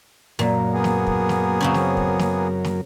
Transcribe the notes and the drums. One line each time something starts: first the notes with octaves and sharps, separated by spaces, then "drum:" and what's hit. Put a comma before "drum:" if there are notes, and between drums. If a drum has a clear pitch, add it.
F#2 A#2 F#3 A#4, drum: snare
A#3 B3 G#4
drum: snare
drum: kick
drum: snare
C#3 C4 C#4
drum: snare
drum: kick
drum: snare
drum: snare